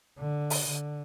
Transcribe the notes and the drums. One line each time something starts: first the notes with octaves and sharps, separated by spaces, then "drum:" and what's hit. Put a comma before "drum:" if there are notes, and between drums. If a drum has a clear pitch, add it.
D3
drum: open hi-hat
D3